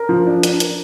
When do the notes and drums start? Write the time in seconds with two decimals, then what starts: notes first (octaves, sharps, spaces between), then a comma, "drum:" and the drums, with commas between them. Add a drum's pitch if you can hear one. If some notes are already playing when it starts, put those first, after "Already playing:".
Already playing: A#4
0.09 F3
0.27 D4
0.43 D4, drum: hi-hat
0.60 A#4, drum: hi-hat